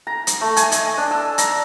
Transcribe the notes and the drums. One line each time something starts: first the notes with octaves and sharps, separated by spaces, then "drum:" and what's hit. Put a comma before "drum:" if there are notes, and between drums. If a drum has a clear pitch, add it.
A#5
drum: hi-hat
A3
G#5, drum: hi-hat
D#5, drum: hi-hat
D4
E6
A#5, drum: hi-hat